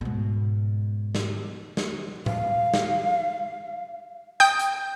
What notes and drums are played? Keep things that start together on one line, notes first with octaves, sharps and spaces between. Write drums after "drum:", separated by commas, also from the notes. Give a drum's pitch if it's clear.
G#2 B2
drum: snare
drum: snare
F5, drum: tom A2
drum: snare
G5 D#6 G6, drum: hi-hat
drum: hi-hat